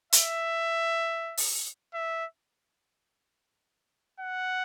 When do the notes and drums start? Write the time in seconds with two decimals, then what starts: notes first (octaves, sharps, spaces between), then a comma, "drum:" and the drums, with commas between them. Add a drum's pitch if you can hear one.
0.12 E5, drum: hi-hat
1.37 drum: open hi-hat
1.94 E5
4.20 F#5